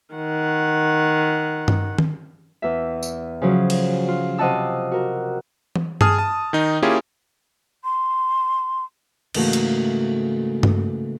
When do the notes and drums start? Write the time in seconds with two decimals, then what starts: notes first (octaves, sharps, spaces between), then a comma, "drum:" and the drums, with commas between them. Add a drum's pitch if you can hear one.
0.15 D#3 F#5
1.68 drum: tom G2
1.98 drum: tom D#3
2.62 E2 E5
3.03 drum: tambourine
3.42 C#3 F3 F#3
3.70 drum: cymbal
4.08 F4
4.38 C3 F4 D#5 F#5 A5 E6
4.91 F#4 A#4
5.76 drum: tom E3
6.01 G#4 A5 D#6 F6, drum: tom G2
6.18 A5
6.53 D#3 D#4
6.82 A#3 C#4 E4 F4 G4 G#4
7.84 C6
9.34 G#2 C#3 E3 A3 A#3 F#4, drum: cymbal
9.53 drum: hi-hat
10.63 drum: tom G2